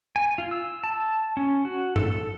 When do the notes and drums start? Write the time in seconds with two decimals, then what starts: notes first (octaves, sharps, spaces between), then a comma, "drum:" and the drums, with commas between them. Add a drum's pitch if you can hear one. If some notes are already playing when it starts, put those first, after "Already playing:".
0.16 G#5
0.38 F4
0.51 E6
0.84 A5
1.37 C#4
1.65 F#4
1.96 A4, drum: tom G2
2.12 A4